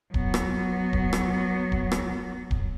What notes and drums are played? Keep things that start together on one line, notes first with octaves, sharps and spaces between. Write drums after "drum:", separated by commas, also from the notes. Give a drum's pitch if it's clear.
F#3 B3, drum: kick D1
drum: rim click
drum: kick D1
drum: rim click
drum: kick D1
drum: rim click
drum: kick D1